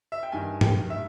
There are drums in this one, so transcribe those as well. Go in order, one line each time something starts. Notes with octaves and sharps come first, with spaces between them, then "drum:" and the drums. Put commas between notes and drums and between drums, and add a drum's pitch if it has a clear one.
E5
G5
G2 D#3 G#5
G5, drum: tom G#2
E5